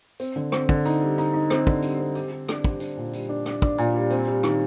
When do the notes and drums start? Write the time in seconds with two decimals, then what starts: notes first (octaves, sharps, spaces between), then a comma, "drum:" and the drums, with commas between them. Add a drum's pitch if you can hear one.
0.20 C4, drum: tambourine
0.36 D3
0.52 C4, drum: rim click
0.69 D3, drum: kick
0.85 D#4, drum: tambourine
1.01 G3
1.18 D#4, drum: tambourine
1.33 D#4
1.50 C4, drum: rim click
1.67 D3, drum: kick
1.83 G3, drum: tambourine
1.99 C4
2.15 G4, drum: tambourine
2.31 G4
2.49 D4, drum: rim click
2.64 G3, drum: kick
2.80 D4, drum: tambourine
2.97 A#2
3.14 G3, drum: tambourine
3.29 D4
3.46 D4, drum: rim click
3.62 D4, drum: kick
3.78 A#2, drum: tambourine
3.95 G3
4.11 C4, drum: tambourine
4.27 G3
4.43 D#3, drum: rim click